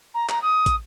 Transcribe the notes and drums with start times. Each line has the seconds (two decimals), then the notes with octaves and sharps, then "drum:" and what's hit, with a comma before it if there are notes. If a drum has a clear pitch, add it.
0.14 A#5
0.29 A#5, drum: clap
0.42 D#6
0.66 drum: kick, hi-hat